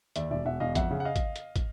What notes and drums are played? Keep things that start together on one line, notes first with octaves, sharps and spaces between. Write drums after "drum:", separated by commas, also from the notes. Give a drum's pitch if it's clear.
D#2 D5 E5, drum: hi-hat
E1 D5 E5
E1 E5 F#5
E1 D#5 F5
F2 E5 F#5, drum: kick, hi-hat
C#3
F#5
D#5 F5
drum: kick, hi-hat
drum: hi-hat
drum: kick, hi-hat